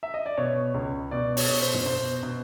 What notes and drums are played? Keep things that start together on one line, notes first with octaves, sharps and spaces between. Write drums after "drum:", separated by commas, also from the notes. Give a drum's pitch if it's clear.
E5
D#5
D5
B2 C#5
C#2
B2 D5
C#5, drum: open hi-hat
B2
C5
drum: tom
B2 C5
B2